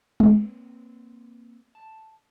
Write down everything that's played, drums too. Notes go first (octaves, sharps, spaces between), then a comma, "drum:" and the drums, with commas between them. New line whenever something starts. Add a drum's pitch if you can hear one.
A#3 C4 B4 C5, drum: tom
A5